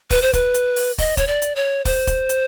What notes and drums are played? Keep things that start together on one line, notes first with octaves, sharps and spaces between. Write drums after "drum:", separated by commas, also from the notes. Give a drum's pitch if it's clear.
B4, drum: kick, open hi-hat
C5
B4, drum: kick, hi-hat
drum: hi-hat
drum: open hi-hat
D#5, drum: kick, open hi-hat
C#5, drum: kick, hi-hat
D5
drum: hi-hat
C#5
C5, drum: kick, open hi-hat
drum: kick, hi-hat
drum: hi-hat